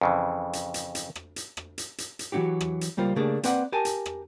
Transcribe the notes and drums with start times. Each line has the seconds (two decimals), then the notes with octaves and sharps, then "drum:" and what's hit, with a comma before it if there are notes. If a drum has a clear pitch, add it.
0.01 F2 C#3 E3
0.53 drum: hi-hat
0.74 drum: hi-hat
0.95 drum: hi-hat
1.15 drum: rim click
1.36 drum: hi-hat
1.57 drum: rim click
1.78 drum: hi-hat
1.98 drum: hi-hat
2.19 drum: hi-hat
2.32 E3 F#3 G3 D#4 F#4 G4
2.61 drum: rim click
2.81 drum: hi-hat
2.97 C#2 G3 A#3 F4 C5
3.16 C#3 A3 A#3 D4 G4 G#4
3.43 A#3 C4 B4 D5 F#5, drum: hi-hat
3.72 G4 A#4 G#5 A5
3.85 drum: hi-hat
4.06 drum: rim click